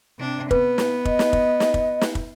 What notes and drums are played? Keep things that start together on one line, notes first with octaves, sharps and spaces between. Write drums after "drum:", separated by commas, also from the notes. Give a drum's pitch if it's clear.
C3 D4
B3 B4, drum: kick
drum: snare
D#5, drum: kick
drum: snare
drum: kick
drum: snare
drum: kick
drum: snare
drum: kick